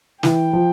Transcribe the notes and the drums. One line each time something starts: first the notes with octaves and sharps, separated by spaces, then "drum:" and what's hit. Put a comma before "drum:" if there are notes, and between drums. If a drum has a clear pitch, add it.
E3 G5, drum: snare
F3